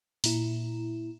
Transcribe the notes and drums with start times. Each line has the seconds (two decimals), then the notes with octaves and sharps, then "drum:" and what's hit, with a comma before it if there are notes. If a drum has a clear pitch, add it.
0.24 A#2 E4, drum: open hi-hat